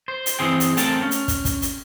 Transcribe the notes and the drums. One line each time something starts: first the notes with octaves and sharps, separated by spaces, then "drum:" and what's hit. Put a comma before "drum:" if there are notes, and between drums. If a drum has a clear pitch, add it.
C5
drum: hi-hat
E3 C4 G#4 G5
drum: hi-hat
A3 C4 A#4 F5 G5 A5, drum: hi-hat
C#4
drum: hi-hat
drum: kick, hi-hat
drum: kick, hi-hat
drum: hi-hat